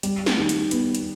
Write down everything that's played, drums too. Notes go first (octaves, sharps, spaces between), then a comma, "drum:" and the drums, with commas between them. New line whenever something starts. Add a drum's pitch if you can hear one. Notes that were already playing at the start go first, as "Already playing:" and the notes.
G3, drum: hi-hat
drum: snare
D#3
drum: hi-hat
B3, drum: hi-hat
drum: hi-hat